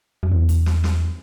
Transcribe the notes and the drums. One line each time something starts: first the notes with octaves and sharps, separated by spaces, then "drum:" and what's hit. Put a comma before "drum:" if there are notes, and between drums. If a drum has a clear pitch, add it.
F#2
E2
drum: kick, hi-hat
drum: snare
drum: snare